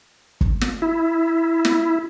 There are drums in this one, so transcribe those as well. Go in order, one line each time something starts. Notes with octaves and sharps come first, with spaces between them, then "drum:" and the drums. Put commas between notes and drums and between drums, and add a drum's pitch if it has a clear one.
drum: kick G1
drum: snare
E4
drum: snare